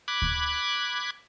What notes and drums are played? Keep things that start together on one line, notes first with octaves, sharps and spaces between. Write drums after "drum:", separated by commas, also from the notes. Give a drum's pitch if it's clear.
B5 D6 F#6 G#6
drum: kick D2